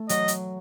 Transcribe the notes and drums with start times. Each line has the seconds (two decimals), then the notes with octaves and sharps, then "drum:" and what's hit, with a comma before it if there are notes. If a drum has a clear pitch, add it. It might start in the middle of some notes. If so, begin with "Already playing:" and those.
Already playing: A3
0.09 F#3 D#5, drum: hi-hat
0.28 drum: hi-hat